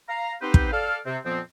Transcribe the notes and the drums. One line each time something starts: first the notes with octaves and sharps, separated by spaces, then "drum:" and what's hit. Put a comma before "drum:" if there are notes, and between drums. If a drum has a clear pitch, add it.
F5 A#5
B3 C4 D#4 G4 B4 C5
drum: kick
A4 D5 F5
C3 C4
F2 A#2 F3 B3 C4